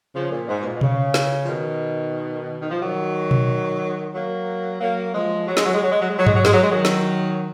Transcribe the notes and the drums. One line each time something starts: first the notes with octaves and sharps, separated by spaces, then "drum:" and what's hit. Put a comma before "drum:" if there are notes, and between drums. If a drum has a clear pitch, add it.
C#3 F3
A#2
G#2
B2
A#2
B2
C#3, drum: tom B2
drum: snare
F3
B2 D#3
D#3
F3
D#3 F#3
drum: tom B2
F#3 A#3
F#3 A#3
F3 G#3
F#3
G#3, drum: snare
F#3
G#3
F#3
G#3
F#3
G#3
F#3
G#3, drum: tom G2
F#3
G#3, drum: snare
F#3
G#3
D#3 F#3
drum: snare